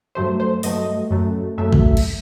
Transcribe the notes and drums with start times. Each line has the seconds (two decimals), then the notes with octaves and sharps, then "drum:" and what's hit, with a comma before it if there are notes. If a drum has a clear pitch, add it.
0.15 G2 F#3 A3 C5
0.40 C5
0.63 G2 F#3 A3 D#5, drum: open hi-hat
1.11 F#2 F#3 A3
1.58 F#2 F#3 A3 E5
1.73 drum: kick A1
1.97 drum: cymbal